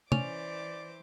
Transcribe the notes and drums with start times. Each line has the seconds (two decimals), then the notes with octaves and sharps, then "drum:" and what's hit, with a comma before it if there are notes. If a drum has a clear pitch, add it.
0.12 E3 C#4 C5 D5 D6 F7, drum: tom